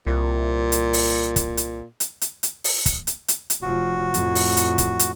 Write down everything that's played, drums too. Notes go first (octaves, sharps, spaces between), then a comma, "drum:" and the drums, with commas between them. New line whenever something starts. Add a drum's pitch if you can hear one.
C2 A#2
drum: hi-hat
drum: open hi-hat
drum: kick, hi-hat
drum: hi-hat
drum: hi-hat
drum: hi-hat
drum: hi-hat
drum: open hi-hat
drum: kick, hi-hat
drum: hi-hat
drum: hi-hat
drum: hi-hat
F1 F3 F#4
F2 A2, drum: hi-hat
drum: open hi-hat
drum: hi-hat
drum: kick, hi-hat
drum: hi-hat